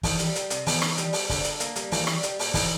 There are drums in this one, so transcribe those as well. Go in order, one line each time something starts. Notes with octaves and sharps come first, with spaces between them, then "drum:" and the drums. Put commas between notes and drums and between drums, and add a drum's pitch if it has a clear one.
D#3 E3, drum: kick G1, open hi-hat
G3, drum: hi-hat
G3, drum: hi-hat
C3, drum: hi-hat
E3 B3, drum: open hi-hat
D#4, drum: rim click
G3, drum: hi-hat
G3, drum: open hi-hat
D3, drum: kick G1, open hi-hat
D3, drum: hi-hat
A#3, drum: hi-hat
G3, drum: hi-hat
E3 A#3, drum: open hi-hat
G3, drum: rim click
G3, drum: hi-hat
A#2, drum: open hi-hat
D#3 E3, drum: kick G1, open hi-hat